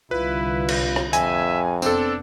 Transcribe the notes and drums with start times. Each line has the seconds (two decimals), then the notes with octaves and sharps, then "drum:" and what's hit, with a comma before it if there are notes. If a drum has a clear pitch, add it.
0.11 C2 D3 G3 E4 F4 B4
0.69 drum: cymbal
0.96 drum: rim click
1.13 F2 E5 G#5, drum: hi-hat
1.82 F1 B3 C4 D4 A4, drum: tambourine